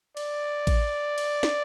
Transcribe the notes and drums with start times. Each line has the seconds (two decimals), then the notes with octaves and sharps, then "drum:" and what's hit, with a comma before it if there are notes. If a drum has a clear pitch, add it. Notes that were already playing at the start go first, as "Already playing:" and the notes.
0.17 D5, drum: cymbal
0.67 drum: kick A1, cymbal
1.18 drum: cymbal
1.43 drum: snare